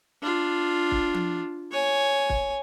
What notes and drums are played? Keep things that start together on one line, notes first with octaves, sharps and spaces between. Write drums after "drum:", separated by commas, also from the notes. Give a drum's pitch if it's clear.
D4 F4
drum: kick
drum: tom F3
C#5 G#5
drum: kick